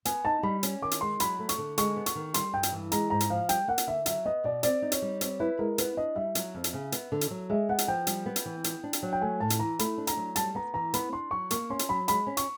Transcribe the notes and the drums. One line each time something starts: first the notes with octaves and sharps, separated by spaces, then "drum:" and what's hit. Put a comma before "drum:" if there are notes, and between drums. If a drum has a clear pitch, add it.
B3 G#5, drum: hi-hat
D#4 A5
G3 B5
C#4, drum: hi-hat
D#3 D6
drum: hi-hat
G#3 C6
F#3 B5, drum: hi-hat
A3
C#6, drum: hi-hat
D3
G#3 C#6, drum: hi-hat
B3
C#6, drum: hi-hat
D#3
G3 C6, drum: hi-hat
G2 G5
drum: hi-hat
E3
G#3 A#5, drum: hi-hat
G#2 A#5
drum: hi-hat
F3 F5
G3 G5, drum: hi-hat
A#3 F#5
drum: hi-hat
D3 E5
F#3 E5, drum: hi-hat
B3 D#5
B2 D5
C4 D5, drum: hi-hat
D#4
C#5, drum: hi-hat
G3
C4 C#5, drum: hi-hat
E4 B4
G#3 A#4
B3 B4, drum: hi-hat
D4 D#5
G3 E5
F#3, drum: hi-hat
F2
drum: hi-hat
C#3
B3, drum: hi-hat
D3
drum: hi-hat
F#3
G#3 E5
B3 F#5
drum: hi-hat
F3 G5
G3, drum: hi-hat
B3
drum: hi-hat
E3
B3, drum: hi-hat
D4
drum: hi-hat
F#3
G5
A3 G#5
A2 A5
drum: hi-hat
E3 A#5
A3 B5, drum: hi-hat
D4
A#5, drum: hi-hat
F#3
G3 A5, drum: hi-hat
B3 A#5
E3 A#5
B3 B5, drum: hi-hat
D4 C6
F#3 C#6
A#3 C#6, drum: hi-hat
C#4 C6
drum: hi-hat
F#3 B5
G#3 B5, drum: hi-hat
C#4
C#6, drum: hi-hat